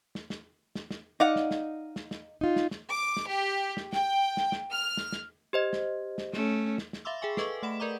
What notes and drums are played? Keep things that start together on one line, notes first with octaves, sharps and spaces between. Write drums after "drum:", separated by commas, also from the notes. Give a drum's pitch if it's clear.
drum: snare
drum: snare
drum: snare
drum: snare
D#4 D5 F5 F#5
drum: snare
drum: snare
drum: snare
drum: snare
D#4 F4
drum: snare
drum: snare
D6
drum: snare
G4
drum: snare
G5, drum: snare
drum: snare
drum: snare
F6
drum: snare
drum: snare
G4 C5 D#5
drum: snare
drum: snare
A3 C#4, drum: snare
drum: snare
drum: snare
E5 F5 B5 C6 D6 E6
G#4 E5 G5 G#5 C#6
A4 B4 D#5 C#6 D6, drum: snare
A3 F#5 B5 E7
A#4 D5 D#5 A#5 C#6 D6